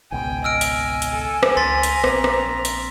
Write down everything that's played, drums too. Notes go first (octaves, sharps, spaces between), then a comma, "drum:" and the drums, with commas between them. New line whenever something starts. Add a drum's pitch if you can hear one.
G#1 C#2 B2 G5 G#5
D#5 E6 F6 D7
drum: hi-hat
drum: hi-hat
A4
drum: rim click
C#2 A#5 C6 A6 B6
drum: hi-hat
A#1 C4, drum: rim click
drum: rim click
drum: hi-hat